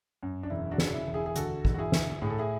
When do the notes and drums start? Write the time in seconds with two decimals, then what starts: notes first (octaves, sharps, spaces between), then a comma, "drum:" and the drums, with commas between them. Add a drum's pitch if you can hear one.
0.23 F#2
0.43 D4
0.50 E1 E4
0.71 D4 F#4
0.78 C#3, drum: snare
0.84 D4
0.93 E4
1.07 E1
1.14 E4 G#4
1.26 G#4
1.36 D2 F#4 A4, drum: hi-hat
1.65 E1, drum: kick
1.74 F#4
1.78 E4 G#4
1.92 D2, drum: snare
2.22 A2 G#4
2.30 A4
2.38 E4 G#4